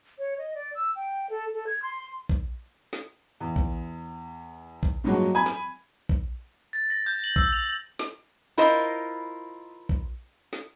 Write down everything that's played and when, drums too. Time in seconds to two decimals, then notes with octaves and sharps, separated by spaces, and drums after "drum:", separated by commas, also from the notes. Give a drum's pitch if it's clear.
0.18 C#5
0.38 D#5
0.55 D5
0.75 E6
0.96 G5
1.30 A4
1.54 A4
1.67 G#6
1.82 C6
2.29 drum: kick A#1
2.93 drum: snare
3.40 E2
3.56 drum: kick A#1
4.83 drum: kick A#1
5.04 G2 A#2 F3 F#3 G#3 F#4
5.35 G#5 B5 G#6
5.46 drum: snare
6.09 drum: kick A#1
6.73 A6
6.90 A#6
7.06 G6
7.24 F#7
7.36 E6, drum: kick A#1
7.52 F7
7.99 drum: snare
8.57 E4 F4 A#4 C5 D#5
9.89 drum: kick A#1
10.53 drum: snare